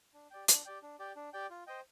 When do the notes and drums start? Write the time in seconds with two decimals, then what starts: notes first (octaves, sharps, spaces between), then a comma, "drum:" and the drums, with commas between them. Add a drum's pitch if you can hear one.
0.14 D4
0.31 G4 D5 G5
0.48 D4, drum: hi-hat
0.65 G4 D5 G5
0.82 D4
0.99 G4 D5 G5
1.16 D4
1.33 G4 D5 G5
1.50 F4
1.67 C5 D#5 G5